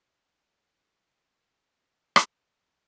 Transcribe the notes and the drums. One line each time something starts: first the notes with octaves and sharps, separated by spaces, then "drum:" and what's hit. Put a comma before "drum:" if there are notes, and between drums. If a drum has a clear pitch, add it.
G2 D3 F#3
A2 F#3 A3 C4
F#2 D3 A3
drum: rim click
F#3 C4 F#4 B4